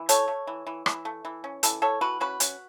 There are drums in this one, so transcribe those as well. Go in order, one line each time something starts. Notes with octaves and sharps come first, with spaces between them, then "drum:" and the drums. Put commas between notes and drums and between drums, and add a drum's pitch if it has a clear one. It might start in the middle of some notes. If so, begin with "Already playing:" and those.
Already playing: E3
A3 A4 C#5, drum: hi-hat
A3
E3
E3
E3, drum: rim click
A3
E3
C#4
E3 A4, drum: hi-hat
A3 A4 C#5
E3 F#4 B4
C#4 F#4 B4
C#4, drum: hi-hat